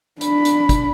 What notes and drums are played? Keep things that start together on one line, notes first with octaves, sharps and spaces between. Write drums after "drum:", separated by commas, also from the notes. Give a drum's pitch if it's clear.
D4 B5, drum: hi-hat
drum: hi-hat
drum: kick, hi-hat